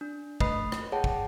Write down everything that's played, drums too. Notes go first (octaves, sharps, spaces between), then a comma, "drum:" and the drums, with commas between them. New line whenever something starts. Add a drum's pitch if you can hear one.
D4
A3 B4 D#5 B5 D#6 C7, drum: kick
drum: rim click
G#4 C#5 F#5 G5 A5
drum: kick